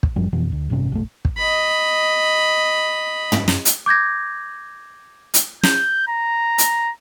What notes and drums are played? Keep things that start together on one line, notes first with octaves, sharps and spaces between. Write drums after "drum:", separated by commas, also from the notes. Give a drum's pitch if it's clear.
drum: kick
F#2 F3 G3
F2 B2 E3
D2
A1 G2 C3 C#4
F#1 B1 A3
drum: kick
D#5 B5
drum: tom
drum: snare
drum: hi-hat
D6 G6 G#6 A#6
drum: hi-hat
G6, drum: snare
A#5
drum: hi-hat